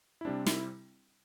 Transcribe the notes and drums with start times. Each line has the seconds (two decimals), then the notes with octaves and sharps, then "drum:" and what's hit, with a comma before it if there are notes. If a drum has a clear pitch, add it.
0.21 E4
0.25 C3 G3 C4 D4
0.46 E4, drum: snare